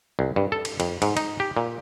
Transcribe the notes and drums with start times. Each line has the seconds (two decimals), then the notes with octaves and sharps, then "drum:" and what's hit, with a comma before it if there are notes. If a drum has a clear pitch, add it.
0.19 C2
0.36 G2
0.52 A4
0.65 drum: cymbal
0.80 F2, drum: cymbal
1.02 G#2, drum: cymbal
1.17 D#4, drum: cymbal
1.40 G4
1.57 A#2